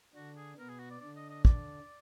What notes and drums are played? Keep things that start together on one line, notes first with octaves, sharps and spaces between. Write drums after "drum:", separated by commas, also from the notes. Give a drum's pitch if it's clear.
D3 D4 F#4
G#4
B2 B3 A#4
G#4
F#4
D5
D3 D4 D5
D#5
D#5
D5, drum: kick